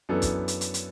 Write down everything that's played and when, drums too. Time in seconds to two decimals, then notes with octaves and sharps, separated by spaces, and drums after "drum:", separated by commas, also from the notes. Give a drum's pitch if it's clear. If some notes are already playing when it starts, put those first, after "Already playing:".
0.09 F#2 E3 B3 D4 A4
0.22 drum: kick, hi-hat
0.48 drum: hi-hat
0.61 drum: hi-hat
0.74 drum: hi-hat